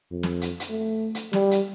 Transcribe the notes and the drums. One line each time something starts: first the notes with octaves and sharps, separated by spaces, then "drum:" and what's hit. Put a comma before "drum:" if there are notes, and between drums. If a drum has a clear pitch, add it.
F2
drum: snare
drum: hi-hat
drum: hi-hat
A3
drum: hi-hat
G3, drum: snare
drum: hi-hat